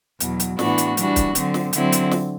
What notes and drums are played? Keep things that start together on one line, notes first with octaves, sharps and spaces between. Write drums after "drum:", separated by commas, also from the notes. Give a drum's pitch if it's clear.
E2 B2 F#3, drum: hi-hat
drum: hi-hat
A2 E3 B3 D4 F#4, drum: snare
drum: hi-hat
E3 G3 D4 F#4, drum: hi-hat
drum: kick, hi-hat
D3 F#3 C4, drum: hi-hat
drum: snare
D3 F#3 C4 E4, drum: hi-hat
drum: hi-hat
drum: snare